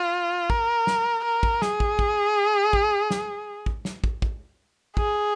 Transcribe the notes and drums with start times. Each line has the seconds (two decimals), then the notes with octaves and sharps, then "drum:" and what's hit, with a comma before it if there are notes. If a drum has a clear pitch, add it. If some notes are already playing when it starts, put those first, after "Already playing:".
Already playing: F4
0.50 A#4, drum: kick
0.87 drum: snare
1.25 A#4
1.43 drum: kick
1.62 G#4, drum: snare
1.80 drum: kick
1.99 drum: kick
2.73 drum: kick
3.11 drum: snare
3.66 drum: kick
3.85 drum: snare
4.04 drum: kick
4.22 drum: kick
4.97 G#4, drum: kick